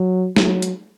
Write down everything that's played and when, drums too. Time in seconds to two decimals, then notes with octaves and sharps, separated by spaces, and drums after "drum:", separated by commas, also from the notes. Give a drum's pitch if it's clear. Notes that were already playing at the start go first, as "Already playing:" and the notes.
Already playing: F#3
0.36 F#3, drum: snare
0.62 drum: hi-hat